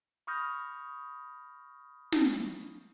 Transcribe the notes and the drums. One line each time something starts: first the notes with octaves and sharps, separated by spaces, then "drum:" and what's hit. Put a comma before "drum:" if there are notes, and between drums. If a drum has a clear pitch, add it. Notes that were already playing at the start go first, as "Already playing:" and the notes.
B5 C#6 D#6 F6 G6 A#6
drum: snare